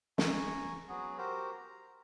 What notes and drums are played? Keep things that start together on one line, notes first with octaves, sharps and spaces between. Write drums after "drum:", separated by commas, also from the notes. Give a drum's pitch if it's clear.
G#5 A#5 C#6, drum: snare
F#3 B3 F#4 G#4
F#4 G4 A#4 C5
A#5